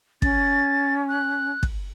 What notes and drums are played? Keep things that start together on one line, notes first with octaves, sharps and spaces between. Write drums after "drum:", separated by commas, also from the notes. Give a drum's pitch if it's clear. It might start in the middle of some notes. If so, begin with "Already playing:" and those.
C#4 A6, drum: kick
F#6
drum: kick